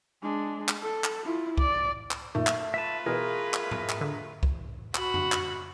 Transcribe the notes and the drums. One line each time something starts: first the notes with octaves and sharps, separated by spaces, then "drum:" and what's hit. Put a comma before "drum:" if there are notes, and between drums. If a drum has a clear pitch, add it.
G#3 D4
drum: clap
A4
drum: clap
E4 F4
D5, drum: kick C2
drum: clap
F#2 A#2 D#3 A3
drum: clap
F4 B4 E5 A5
B2 E3 G#4 A#4
drum: clap
drum: tom G#2
drum: clap
D3
drum: kick C2
F#4 B5, drum: clap
drum: tom F2
drum: clap